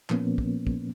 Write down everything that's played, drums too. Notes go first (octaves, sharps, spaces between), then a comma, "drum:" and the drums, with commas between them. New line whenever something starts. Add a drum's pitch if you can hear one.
A#2 F3 A#3 B3 C#4, drum: clap
drum: kick
drum: kick